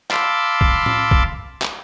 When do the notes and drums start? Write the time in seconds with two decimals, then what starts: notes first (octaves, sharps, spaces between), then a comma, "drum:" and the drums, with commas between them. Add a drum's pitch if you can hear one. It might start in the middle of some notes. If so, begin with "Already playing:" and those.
0.11 F5 A5 B5 C6 D6 E6, drum: clap
0.61 drum: kick
0.86 drum: tom A2
1.11 drum: kick
1.62 drum: clap